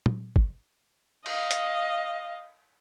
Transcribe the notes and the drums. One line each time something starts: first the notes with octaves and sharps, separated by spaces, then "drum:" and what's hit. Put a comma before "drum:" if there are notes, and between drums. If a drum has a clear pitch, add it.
drum: tom
drum: kick
D#5 F5, drum: cymbal
drum: hi-hat